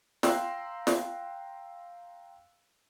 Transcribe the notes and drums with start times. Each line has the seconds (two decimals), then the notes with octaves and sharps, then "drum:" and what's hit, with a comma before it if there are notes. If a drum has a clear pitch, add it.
0.23 F5 G5 A#5 C6 E6 F#6, drum: snare
0.87 drum: snare